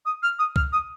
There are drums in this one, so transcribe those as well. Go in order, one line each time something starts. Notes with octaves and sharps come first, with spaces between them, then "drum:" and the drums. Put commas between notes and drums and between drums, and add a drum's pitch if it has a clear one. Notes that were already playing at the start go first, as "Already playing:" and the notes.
D#6
F6
D#6
F6, drum: kick C2
D#6